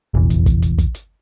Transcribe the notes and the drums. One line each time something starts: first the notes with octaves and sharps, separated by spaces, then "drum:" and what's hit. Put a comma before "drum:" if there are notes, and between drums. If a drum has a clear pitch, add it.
F1 A#1 E2 E3
drum: hi-hat
drum: kick, hi-hat
drum: hi-hat
drum: kick, hi-hat
drum: hi-hat